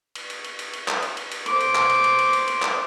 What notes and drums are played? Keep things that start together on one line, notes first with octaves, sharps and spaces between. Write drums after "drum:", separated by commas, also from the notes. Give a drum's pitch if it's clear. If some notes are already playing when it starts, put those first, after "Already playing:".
drum: cymbal
drum: cymbal
drum: cymbal
drum: cymbal
drum: cymbal
drum: clap
drum: cymbal
drum: cymbal
drum: cymbal
C5 D6, drum: cymbal
drum: cymbal
drum: clap
drum: cymbal
drum: cymbal
drum: cymbal
drum: cymbal
drum: cymbal
drum: clap